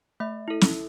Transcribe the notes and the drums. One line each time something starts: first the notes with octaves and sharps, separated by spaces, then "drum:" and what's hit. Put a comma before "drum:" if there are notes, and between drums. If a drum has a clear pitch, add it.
A3 E5
E4 A4
drum: snare